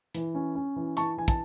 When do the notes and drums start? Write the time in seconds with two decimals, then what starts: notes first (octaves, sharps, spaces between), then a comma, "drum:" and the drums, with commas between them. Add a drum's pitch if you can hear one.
0.14 E3, drum: hi-hat
0.35 C#4
0.55 C#4
0.76 E3
0.97 E3 A5 C#6, drum: hi-hat
1.17 E3 G#5
1.28 A5, drum: kick, hi-hat